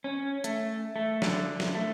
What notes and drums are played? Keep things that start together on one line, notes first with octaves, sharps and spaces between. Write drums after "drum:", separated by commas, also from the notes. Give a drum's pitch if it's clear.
C#4
A3, drum: hi-hat
A3
D3, drum: snare
drum: snare
A3